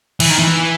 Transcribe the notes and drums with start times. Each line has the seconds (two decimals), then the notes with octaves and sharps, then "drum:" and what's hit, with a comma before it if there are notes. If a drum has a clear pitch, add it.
0.20 E3, drum: cymbal
0.30 D#3
0.39 E3